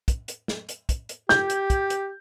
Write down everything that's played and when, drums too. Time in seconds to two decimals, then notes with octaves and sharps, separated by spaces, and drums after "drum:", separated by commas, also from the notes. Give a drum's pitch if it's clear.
0.08 drum: kick, hi-hat
0.28 drum: hi-hat
0.48 drum: snare
0.69 drum: hi-hat
0.89 drum: kick, hi-hat
1.09 drum: hi-hat
1.29 G4 G6, drum: snare
1.50 drum: hi-hat
1.70 drum: kick, hi-hat
1.90 drum: hi-hat